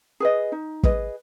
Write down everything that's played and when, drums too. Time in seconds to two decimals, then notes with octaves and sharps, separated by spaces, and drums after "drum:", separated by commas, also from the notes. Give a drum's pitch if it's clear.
0.20 G#4 B4 D#5
0.52 D#4
0.84 G#4 B4 D#5, drum: kick